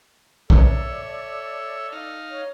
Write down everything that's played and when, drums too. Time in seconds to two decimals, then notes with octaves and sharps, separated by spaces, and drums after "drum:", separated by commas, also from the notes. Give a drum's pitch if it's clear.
0.50 A4 C#5 D5 E5, drum: kick A#1
1.92 D#4 F5
2.30 C#5